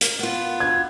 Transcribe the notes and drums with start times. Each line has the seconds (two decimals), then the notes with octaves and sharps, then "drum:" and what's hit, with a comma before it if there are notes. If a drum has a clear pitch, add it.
0.01 A#4, drum: hi-hat
0.19 B3 F4
0.60 G#6